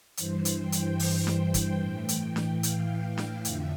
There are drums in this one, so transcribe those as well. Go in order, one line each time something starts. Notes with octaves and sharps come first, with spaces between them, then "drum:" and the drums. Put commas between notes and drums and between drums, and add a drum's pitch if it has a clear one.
G2 E3 C5, drum: hi-hat
drum: hi-hat
G5
drum: hi-hat
G5, drum: open hi-hat
drum: snare D4
drum: kick, hi-hat
A2 E3
drum: hi-hat
drum: snare D4
F5, drum: hi-hat
drum: snare D4
F2 D3 F3 E5, drum: hi-hat